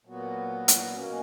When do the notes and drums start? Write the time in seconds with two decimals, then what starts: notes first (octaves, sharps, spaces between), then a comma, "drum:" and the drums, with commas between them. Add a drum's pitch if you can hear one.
0.05 A#2 F#3 B3 F#4
0.68 drum: hi-hat
0.93 B2 A#3 C#4 F#4